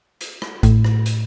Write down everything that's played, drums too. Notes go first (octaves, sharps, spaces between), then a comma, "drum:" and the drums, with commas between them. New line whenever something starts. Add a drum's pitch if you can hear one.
drum: hi-hat
drum: rim click
A2, drum: kick A1, hi-hat
drum: rim click
drum: hi-hat